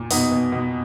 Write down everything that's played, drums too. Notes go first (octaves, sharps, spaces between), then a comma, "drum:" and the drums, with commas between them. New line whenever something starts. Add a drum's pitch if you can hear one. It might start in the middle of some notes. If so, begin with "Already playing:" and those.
Already playing: A#2
B2 B3 D#4, drum: open hi-hat
B2
B2